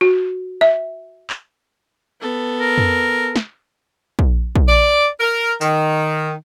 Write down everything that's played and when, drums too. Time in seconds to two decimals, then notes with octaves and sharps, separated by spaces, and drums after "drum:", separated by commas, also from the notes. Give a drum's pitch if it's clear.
0.01 F#4
0.61 E5
1.30 drum: clap
2.21 B3 A4
2.60 A#4
2.78 drum: tom F2
3.36 drum: snare
4.19 drum: kick
4.55 drum: kick
4.68 D5
5.20 A#4
5.61 D#3, drum: tambourine